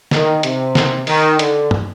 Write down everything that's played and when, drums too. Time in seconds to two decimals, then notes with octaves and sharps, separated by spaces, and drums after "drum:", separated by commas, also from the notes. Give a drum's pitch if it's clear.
0.11 D#3, drum: snare
0.43 C3, drum: hi-hat
0.75 drum: snare
1.07 D#3, drum: open hi-hat
1.39 D3, drum: hi-hat
1.71 drum: tom